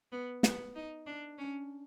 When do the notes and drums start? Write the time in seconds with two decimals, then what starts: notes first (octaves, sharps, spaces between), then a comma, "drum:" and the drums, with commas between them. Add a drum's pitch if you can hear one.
0.12 B3
0.43 B3, drum: snare
0.76 D#4
1.06 D4
1.38 C#4